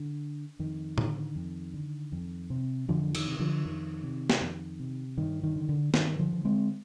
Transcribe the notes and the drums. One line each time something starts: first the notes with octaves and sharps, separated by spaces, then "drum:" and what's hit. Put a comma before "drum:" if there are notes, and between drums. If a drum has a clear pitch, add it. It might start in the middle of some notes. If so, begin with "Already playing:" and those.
Already playing: D3
F2 D#3
D3, drum: tom A2
F2
D3
F2
C3
F2 D3 F3
D#3, drum: cymbal
C3
D3 F3
F2 D#3
C3
drum: snare
F2
C3
G2 D#3
D#3
D3
D3
G2 D#3, drum: snare
D3 F3
D3
G#3 C4